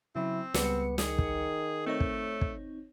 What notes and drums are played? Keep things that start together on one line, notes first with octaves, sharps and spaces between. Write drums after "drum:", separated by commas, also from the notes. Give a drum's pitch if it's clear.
C#3 F#3 C4 E4
C#2 G3 B3 C#7, drum: snare
D#3 G#4, drum: snare
drum: kick
A3 C4 D#4 C#5
drum: kick
drum: kick